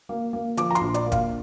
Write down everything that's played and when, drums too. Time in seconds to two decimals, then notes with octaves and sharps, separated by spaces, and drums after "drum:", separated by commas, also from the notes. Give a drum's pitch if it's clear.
0.09 A#3
0.33 A#3
0.57 F3 D6, drum: hi-hat
0.71 A#5
0.75 C6, drum: hi-hat
0.81 A#1
0.94 D5, drum: hi-hat
1.06 A#3
1.12 F5, drum: kick F#1, hi-hat